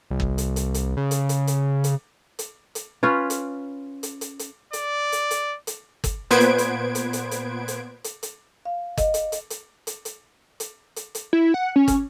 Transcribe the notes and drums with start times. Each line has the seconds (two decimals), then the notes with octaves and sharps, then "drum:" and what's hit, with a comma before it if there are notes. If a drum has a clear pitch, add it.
0.11 C2
0.20 drum: kick
0.38 drum: hi-hat
0.56 drum: hi-hat
0.74 drum: hi-hat
0.97 C#3
1.11 drum: hi-hat
1.29 drum: hi-hat
1.47 drum: hi-hat
1.84 drum: hi-hat
2.39 drum: hi-hat
2.75 drum: hi-hat
3.03 C#4 F4 B4 C#5
3.30 drum: hi-hat
4.03 drum: hi-hat
4.21 drum: hi-hat
4.39 drum: hi-hat
4.73 D5, drum: hi-hat
5.12 drum: hi-hat
5.31 drum: hi-hat
5.67 drum: hi-hat
6.04 drum: kick, hi-hat
6.31 A#2 B3 B4 C5 G#6 D7
6.40 drum: hi-hat
6.58 drum: hi-hat
6.95 drum: hi-hat
7.13 drum: hi-hat
7.31 drum: hi-hat
7.68 drum: hi-hat
8.04 drum: hi-hat
8.23 drum: hi-hat
8.65 F5
8.97 D#5, drum: kick, hi-hat
9.14 drum: hi-hat
9.32 drum: hi-hat
9.50 drum: hi-hat
9.87 drum: hi-hat
10.05 drum: hi-hat
10.60 drum: hi-hat
10.96 drum: hi-hat
11.15 drum: hi-hat
11.33 E4
11.54 F#5
11.76 C#4
11.88 drum: kick, hi-hat